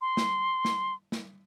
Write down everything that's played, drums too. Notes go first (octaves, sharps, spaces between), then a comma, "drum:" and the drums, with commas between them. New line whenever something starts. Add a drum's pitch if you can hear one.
C6
drum: snare
drum: snare
drum: snare